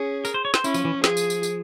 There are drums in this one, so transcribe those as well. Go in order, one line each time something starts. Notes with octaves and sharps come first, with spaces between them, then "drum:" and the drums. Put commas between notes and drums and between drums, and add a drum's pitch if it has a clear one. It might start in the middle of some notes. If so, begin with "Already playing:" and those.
Already playing: C#4 G#4
A#4, drum: tambourine
C5
C#5
C5, drum: snare
C#4 E4, drum: tambourine
F3, drum: tambourine
E3
F3
G#4, drum: snare
drum: tambourine
drum: tambourine
drum: tambourine